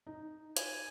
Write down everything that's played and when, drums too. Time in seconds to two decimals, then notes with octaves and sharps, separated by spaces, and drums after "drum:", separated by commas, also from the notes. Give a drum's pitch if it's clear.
0.07 D#4
0.57 G#5, drum: hi-hat